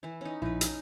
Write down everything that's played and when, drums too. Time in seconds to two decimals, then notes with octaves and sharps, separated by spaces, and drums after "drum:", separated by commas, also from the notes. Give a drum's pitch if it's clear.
0.03 E3 E4
0.21 C#4 D#4
0.42 A#1 D#4 E4 B4
0.61 drum: hi-hat